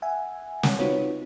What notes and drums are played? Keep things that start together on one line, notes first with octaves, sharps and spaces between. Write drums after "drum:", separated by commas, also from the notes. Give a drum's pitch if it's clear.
E5 F#5 G#5
drum: snare
C4 D#4 F4 F#4 B4 C#5